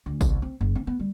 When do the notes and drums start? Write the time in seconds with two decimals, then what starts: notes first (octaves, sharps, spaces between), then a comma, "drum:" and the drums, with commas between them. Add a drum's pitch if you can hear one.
0.06 D2
0.21 C2, drum: kick G#1, tambourine
0.42 C4
0.61 F#1
0.75 C4
0.87 B3
0.99 G3